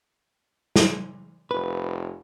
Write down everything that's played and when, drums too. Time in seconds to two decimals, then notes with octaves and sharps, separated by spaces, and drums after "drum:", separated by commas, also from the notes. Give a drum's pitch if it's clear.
0.76 drum: snare
1.51 F1 B4